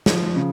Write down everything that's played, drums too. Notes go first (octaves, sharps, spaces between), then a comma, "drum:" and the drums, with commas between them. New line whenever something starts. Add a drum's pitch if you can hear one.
F3, drum: snare
C#3